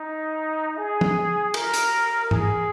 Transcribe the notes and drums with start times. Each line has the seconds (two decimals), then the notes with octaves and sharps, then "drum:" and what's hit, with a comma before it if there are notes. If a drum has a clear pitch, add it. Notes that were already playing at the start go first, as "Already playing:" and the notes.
Already playing: D#4
0.77 G#4
1.01 drum: tom
1.54 A#4, drum: cymbal
1.74 drum: hi-hat
2.31 G#4, drum: tom G#2